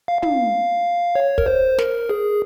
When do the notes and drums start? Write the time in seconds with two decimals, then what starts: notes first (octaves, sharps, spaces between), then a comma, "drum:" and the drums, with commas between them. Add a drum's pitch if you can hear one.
0.08 F5
0.23 F5, drum: tom
1.15 C#5
1.38 A#4, drum: kick
1.46 C5
1.78 A#4, drum: snare
2.10 G#4